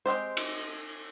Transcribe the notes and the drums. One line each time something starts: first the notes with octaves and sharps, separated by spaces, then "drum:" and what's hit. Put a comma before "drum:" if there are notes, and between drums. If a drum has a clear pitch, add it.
G#3 C4 G4 C5
drum: cymbal